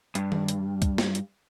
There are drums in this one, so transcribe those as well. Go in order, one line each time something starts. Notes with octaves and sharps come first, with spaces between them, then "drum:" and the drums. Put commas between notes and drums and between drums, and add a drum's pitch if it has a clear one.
G2, drum: hi-hat
drum: tom D#3
drum: hi-hat
drum: kick C#2, hi-hat
drum: snare
drum: hi-hat